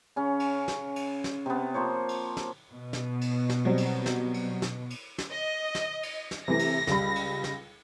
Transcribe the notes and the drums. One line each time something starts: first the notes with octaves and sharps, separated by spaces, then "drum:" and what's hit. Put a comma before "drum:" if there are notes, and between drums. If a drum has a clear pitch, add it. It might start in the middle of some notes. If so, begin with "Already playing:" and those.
C#3 C#4
drum: cymbal
drum: snare
drum: cymbal
drum: snare
C3 B3
F3 A#3 C5 C#5
drum: cymbal
drum: snare
B2
drum: snare
drum: cymbal
drum: snare
F#3 G3 C4
drum: cymbal
drum: snare
drum: cymbal
drum: snare
drum: cymbal
drum: snare
D#5
drum: snare
drum: cymbal
drum: snare
C3 E3 A3 A#6
drum: cymbal
C#2 G3 B5, drum: snare
drum: cymbal
drum: snare